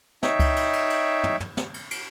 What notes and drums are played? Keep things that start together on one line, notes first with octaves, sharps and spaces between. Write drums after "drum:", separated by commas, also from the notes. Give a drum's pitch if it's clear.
D#4 C#5 E5 G5, drum: snare
drum: kick C#2, cymbal
drum: cymbal
drum: cymbal
drum: cymbal
drum: tom
drum: tom
drum: snare
drum: cymbal
drum: cymbal